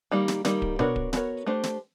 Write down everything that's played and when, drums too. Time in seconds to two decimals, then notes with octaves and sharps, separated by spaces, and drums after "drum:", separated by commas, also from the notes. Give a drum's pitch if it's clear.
0.12 D#3 G3 A#3
0.28 drum: snare
0.45 D#3 G3 A#3, drum: snare
0.62 drum: kick D1
0.79 B3 D4 F#4 A#4 C#5, drum: tom B2
0.96 drum: kick D1
1.13 B3 D4 F#4 A#4 C#5, drum: snare
1.46 A3 D4 G4 C5
1.63 drum: snare